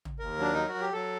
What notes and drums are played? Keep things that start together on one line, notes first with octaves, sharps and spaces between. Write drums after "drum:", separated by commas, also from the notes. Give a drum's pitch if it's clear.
drum: tom
D#2 A#4
F#3 D4
F#3 D#4
F#4
F#3
G4
F#3 A4